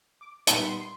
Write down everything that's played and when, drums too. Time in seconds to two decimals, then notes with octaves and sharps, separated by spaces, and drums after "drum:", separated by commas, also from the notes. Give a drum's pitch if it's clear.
0.21 D6
0.47 A#2 G3 B3 D#4 C#6, drum: hi-hat
0.61 B5
0.68 C6
0.81 C6